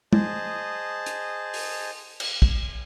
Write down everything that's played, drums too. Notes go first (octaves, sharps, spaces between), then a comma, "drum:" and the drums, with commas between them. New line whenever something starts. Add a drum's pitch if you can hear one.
G#4 C5 D#5 A5, drum: tom
drum: hi-hat
drum: open hi-hat
drum: cymbal
drum: kick